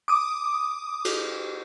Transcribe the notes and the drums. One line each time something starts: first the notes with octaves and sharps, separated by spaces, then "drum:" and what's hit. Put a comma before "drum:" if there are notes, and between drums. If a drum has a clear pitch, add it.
D6 D#6
drum: cymbal